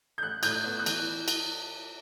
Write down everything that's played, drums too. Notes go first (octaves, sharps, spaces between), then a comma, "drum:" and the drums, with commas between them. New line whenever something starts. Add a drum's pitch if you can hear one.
G6
A1 F#6
A2 G6, drum: cymbal
F#6
B3
F#6
E3, drum: cymbal
drum: cymbal